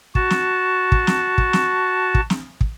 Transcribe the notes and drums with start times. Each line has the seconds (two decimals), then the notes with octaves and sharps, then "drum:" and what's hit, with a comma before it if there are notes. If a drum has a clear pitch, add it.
0.15 F#4 A5, drum: kick
0.30 drum: snare
0.92 drum: kick
1.07 drum: snare
1.38 drum: kick
1.53 drum: snare
2.15 drum: kick
2.30 drum: snare
2.61 drum: kick